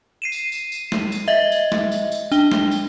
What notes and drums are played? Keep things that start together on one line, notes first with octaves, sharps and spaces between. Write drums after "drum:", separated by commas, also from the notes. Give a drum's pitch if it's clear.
C7 D#7 E7
drum: tambourine
drum: tambourine
drum: tambourine
drum: snare
drum: tambourine
D#5 E5
drum: tambourine
drum: snare
drum: tambourine
drum: tambourine
D4 G7, drum: tambourine
drum: snare
drum: tambourine